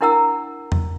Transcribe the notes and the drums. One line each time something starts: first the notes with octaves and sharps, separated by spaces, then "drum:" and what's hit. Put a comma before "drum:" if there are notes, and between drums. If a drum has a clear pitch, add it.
D4 E4 A#4 F#5 A#5 E6
drum: tom E2